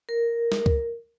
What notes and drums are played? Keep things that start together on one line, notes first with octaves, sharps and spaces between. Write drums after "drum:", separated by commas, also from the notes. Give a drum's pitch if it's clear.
A#4
drum: snare
drum: kick C#2